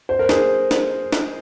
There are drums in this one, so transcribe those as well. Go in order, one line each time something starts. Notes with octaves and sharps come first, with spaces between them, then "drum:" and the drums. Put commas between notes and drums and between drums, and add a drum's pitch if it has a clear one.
C5
A#4
G#4 C5, drum: snare
drum: snare
drum: snare